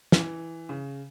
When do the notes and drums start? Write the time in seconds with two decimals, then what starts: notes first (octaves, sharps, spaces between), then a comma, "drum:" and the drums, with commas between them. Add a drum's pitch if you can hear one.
0.12 E3, drum: snare
0.69 C#3